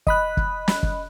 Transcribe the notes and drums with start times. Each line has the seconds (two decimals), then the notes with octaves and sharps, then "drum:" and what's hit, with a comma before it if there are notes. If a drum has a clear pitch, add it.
0.07 D#5 B5 F#6, drum: kick
0.37 drum: kick
0.68 drum: snare
0.83 drum: kick